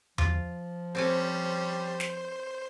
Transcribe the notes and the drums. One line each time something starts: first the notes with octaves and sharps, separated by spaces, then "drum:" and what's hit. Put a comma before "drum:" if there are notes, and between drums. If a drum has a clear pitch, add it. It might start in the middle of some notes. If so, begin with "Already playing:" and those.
F3 F4, drum: tom E2
G3 C4 C#4 A4 C5 G#5
drum: snare